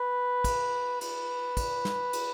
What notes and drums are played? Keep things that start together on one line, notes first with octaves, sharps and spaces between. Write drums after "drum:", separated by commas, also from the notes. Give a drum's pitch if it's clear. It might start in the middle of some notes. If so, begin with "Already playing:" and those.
Already playing: B4
drum: kick, cymbal
B4, drum: cymbal
drum: kick, cymbal
drum: snare
drum: cymbal